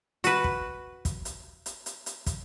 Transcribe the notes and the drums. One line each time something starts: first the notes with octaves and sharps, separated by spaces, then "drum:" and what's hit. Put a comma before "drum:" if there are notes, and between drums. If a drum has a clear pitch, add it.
F#4 B4, drum: hi-hat
drum: kick
drum: kick, hi-hat
drum: hi-hat
drum: hi-hat
drum: hi-hat
drum: hi-hat
drum: kick, hi-hat